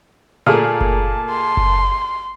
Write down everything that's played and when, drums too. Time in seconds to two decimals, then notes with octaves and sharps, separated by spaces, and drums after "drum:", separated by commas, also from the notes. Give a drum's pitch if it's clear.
0.46 A#2 A3 A#3 G#4 A5 F6
0.81 drum: kick F#1
1.32 C6
1.57 drum: kick F#1